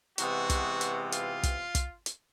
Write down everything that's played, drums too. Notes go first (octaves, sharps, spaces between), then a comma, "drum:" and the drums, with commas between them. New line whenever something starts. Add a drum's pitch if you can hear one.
C3 E3 G#3 B3 F#4, drum: hi-hat
drum: kick, hi-hat
drum: hi-hat
F4, drum: hi-hat
drum: kick, hi-hat
drum: kick, hi-hat
drum: hi-hat